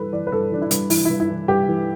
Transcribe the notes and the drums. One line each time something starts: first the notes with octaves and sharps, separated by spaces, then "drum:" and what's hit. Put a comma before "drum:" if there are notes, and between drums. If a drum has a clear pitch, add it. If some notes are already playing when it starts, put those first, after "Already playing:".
Already playing: G2 E3 A4 B4
E3 D5
B4
G2 A4
E3 D4
E4
G2, drum: hi-hat
E3 E4, drum: open hi-hat
G2 E4
E4
E3
G2 G4
E3